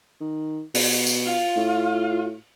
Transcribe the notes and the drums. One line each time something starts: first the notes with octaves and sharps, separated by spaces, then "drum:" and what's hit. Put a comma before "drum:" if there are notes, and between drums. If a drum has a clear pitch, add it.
D#3
B2, drum: open hi-hat
drum: tambourine
F4
A2